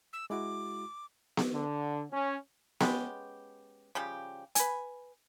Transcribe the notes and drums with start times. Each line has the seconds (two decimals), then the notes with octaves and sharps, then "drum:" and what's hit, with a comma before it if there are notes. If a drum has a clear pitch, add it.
0.13 E6
0.30 G#3 E4 F#4 D6
1.37 drum: snare B3
1.53 D3
2.11 C#4
2.80 G#3 B3 C#4 G4, drum: snare B3
3.95 C#3 F3 G3 G4
4.55 B4 G#5, drum: hi-hat